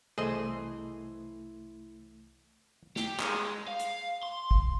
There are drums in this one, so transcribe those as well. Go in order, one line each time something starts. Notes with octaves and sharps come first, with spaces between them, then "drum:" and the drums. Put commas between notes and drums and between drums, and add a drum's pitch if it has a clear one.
C2 E3 A3 G#4 C5 D#5
G4, drum: snare
G#3, drum: clap
F5
drum: hi-hat
C6
drum: kick